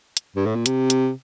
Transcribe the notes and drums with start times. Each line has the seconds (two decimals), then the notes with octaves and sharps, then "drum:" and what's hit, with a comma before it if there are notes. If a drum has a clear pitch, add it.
0.17 drum: hi-hat
0.36 G2
0.46 A2
0.55 A#2
0.66 C3, drum: hi-hat
0.90 drum: hi-hat